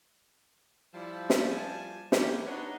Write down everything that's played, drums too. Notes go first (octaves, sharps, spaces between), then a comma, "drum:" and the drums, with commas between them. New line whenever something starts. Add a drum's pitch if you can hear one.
F3 G3 E4
drum: snare
G#5 A5
E3 A#3 C#4 G4, drum: snare
B3 D4 D#4 C#5